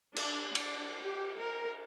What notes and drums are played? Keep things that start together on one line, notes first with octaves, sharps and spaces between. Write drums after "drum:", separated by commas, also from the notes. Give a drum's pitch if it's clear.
D4, drum: cymbal
D4, drum: cymbal
G4
A#4